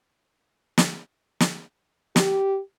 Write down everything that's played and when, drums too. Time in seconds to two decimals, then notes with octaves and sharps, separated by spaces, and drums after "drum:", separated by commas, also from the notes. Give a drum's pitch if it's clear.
0.78 drum: snare
1.40 drum: snare
2.16 G4, drum: snare